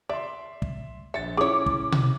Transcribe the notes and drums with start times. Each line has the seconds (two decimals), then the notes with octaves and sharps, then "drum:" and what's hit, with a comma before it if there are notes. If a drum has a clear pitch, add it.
0.09 D5 E5 C6
0.62 drum: kick
1.14 A#1 E5 A6 C#7
1.37 C#4 E4 G#4 C#5 D6
1.66 drum: kick
1.92 drum: tom B2